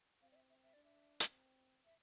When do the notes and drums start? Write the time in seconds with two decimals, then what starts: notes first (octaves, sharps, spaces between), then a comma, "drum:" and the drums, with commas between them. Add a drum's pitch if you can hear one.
0.22 C4 F5
0.32 D5
0.36 E5
0.50 E5
0.63 E5
0.74 D4 D5
0.84 E5
1.20 drum: hi-hat
1.31 C4
1.86 E5